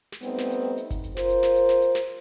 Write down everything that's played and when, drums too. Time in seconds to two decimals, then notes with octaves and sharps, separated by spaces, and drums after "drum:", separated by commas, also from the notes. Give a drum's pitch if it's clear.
0.12 drum: snare
0.22 G3 A3 B3 C4 D#4, drum: hi-hat
0.38 drum: snare
0.51 drum: hi-hat
0.77 drum: hi-hat
0.91 drum: kick F#1, hi-hat
1.04 drum: hi-hat
1.17 F4 A#4 C5, drum: snare
1.30 drum: hi-hat
1.43 drum: snare
1.56 drum: hi-hat
1.69 drum: snare
1.82 drum: hi-hat
1.95 drum: snare